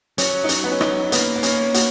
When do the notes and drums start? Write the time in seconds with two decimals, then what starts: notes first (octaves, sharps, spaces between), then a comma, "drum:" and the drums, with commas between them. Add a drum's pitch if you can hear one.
0.18 F#3 C#4, drum: hi-hat
0.44 D#4
0.49 C#4, drum: hi-hat
0.64 B3
0.72 C#4
0.81 D#4, drum: rim click
1.12 A#3 B3, drum: hi-hat
1.36 B3
1.43 C#4, drum: hi-hat
1.74 F#4, drum: hi-hat